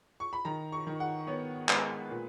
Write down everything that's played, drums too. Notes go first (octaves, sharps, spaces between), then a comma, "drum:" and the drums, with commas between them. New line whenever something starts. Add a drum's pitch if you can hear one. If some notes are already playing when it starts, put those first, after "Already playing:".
C#6
B5
D#3 A#5
C#6
D#3
F#5
B3 C#5
G#3 B4, drum: clap
A#2